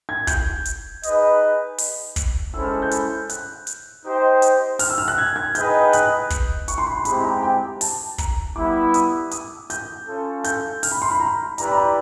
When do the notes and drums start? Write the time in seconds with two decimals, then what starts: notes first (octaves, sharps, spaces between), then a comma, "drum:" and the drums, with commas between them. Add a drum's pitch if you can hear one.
0.09 G#6
0.27 G6, drum: kick, hi-hat
0.65 drum: hi-hat
1.03 D#4 G#4 B4 D#5, drum: hi-hat
1.78 drum: open hi-hat
2.16 drum: kick, hi-hat
2.53 G#3 C#4 E4 A4 C5 E6
2.63 F6
2.82 G6
2.91 drum: hi-hat
3.29 F#6, drum: hi-hat
3.67 drum: hi-hat
4.05 D#4 G4 C5 D#5 G5
4.42 drum: hi-hat
4.79 F6, drum: open hi-hat
4.90 E6
4.98 F6
5.08 F#6
5.18 G#6
5.36 G#6
5.55 D#4 G#4 B4 D#5 G5 G6, drum: hi-hat
5.93 F#6, drum: hi-hat
6.30 drum: kick, hi-hat
6.68 C#6, drum: hi-hat
6.78 C6
6.87 B5
6.97 C6
7.05 G#3 C4 E4 G4 B5, drum: hi-hat
7.24 A#5
7.43 G5
7.81 A5, drum: open hi-hat
8.18 A#5, drum: kick, hi-hat
8.56 G3 B3 E4 D6
8.94 D#6, drum: hi-hat
9.31 D#6, drum: hi-hat
9.70 G6, drum: hi-hat
10.07 C#4 F4 A4
10.44 G6, drum: hi-hat
10.83 F6, drum: open hi-hat
10.92 B5
11.02 C6
11.11 B5
11.20 A#5
11.58 E4 G4 B4 D5 A#5, drum: hi-hat
11.65 B5
11.72 A#5